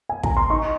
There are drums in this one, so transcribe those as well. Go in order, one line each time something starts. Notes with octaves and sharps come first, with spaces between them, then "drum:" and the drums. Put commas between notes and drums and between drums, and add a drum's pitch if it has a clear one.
G#5
A#5, drum: kick
C6
D#4 C#6